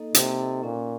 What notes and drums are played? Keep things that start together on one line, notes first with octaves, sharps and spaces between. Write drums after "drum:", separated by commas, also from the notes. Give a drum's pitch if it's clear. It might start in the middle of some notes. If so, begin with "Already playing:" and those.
Already playing: A#3 D#4 A4 D#5
C3 A#3, drum: hi-hat
D#4 A4 D#5
A#2 C#4